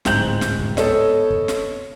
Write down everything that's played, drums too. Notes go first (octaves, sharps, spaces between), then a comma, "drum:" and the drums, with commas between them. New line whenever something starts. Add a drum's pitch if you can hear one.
D1 G#2 C5 G5 G6 F#7, drum: snare
drum: snare
drum: kick
B3 A4 C#5 D#5, drum: snare
drum: kick
drum: snare